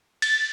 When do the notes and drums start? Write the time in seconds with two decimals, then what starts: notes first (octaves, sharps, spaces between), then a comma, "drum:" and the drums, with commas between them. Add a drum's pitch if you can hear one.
0.22 A6, drum: cymbal